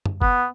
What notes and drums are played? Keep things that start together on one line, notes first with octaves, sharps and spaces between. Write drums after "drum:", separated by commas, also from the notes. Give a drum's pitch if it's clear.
drum: tom F#2
B3, drum: kick F#1